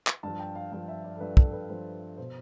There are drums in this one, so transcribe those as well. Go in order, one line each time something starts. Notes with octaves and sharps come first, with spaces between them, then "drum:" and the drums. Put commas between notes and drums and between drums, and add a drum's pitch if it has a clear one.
drum: clap
G2 F3 A5
G5
F5
G2 F3 F5
E5
D5
A4
G2 F3 B4
A4, drum: kick
B4
G2 F3 C5
B2 C5